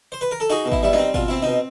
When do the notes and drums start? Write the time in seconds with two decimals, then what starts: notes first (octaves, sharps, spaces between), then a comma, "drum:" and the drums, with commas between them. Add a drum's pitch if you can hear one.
0.12 C5
0.21 B4
0.31 A#4
0.40 A4
0.50 D#4 F#4 G#4
0.65 B2
0.72 E4, drum: kick G#1
0.83 G3 E4
0.93 C4 D#4, drum: snare
1.14 B2 F4, drum: kick G#1
1.28 C4 E4
1.42 B2 D#4